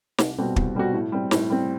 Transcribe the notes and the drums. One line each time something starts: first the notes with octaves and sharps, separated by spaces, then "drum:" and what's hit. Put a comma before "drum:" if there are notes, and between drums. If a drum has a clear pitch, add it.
C2, drum: snare
B2 G3 C4 F#4
C2, drum: kick
B2 G3 C4 F#4
A2
G3 C4
A2, drum: snare
G3 C4